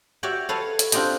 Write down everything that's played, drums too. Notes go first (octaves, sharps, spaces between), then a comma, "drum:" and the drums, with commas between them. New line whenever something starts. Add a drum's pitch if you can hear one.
F#4 G4 C#5 D5 E5
A4 B4 C#5 F5 A5
drum: hi-hat
C4 D4 F4 G4 D#5, drum: hi-hat